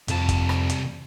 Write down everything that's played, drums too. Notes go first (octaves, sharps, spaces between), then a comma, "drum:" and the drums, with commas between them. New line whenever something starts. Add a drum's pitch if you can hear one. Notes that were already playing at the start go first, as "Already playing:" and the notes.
C2 F2 A5, drum: hi-hat
drum: kick G1, hi-hat
drum: rim click
drum: hi-hat